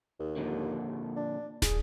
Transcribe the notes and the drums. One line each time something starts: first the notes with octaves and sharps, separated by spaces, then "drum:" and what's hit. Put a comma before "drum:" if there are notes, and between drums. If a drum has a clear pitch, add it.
D#2
F2 A#2 D3
D4
G#4, drum: snare